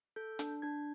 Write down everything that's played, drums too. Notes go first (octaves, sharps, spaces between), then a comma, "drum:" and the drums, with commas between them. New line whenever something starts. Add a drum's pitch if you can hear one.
A4 G6
D4, drum: hi-hat
D4 G#6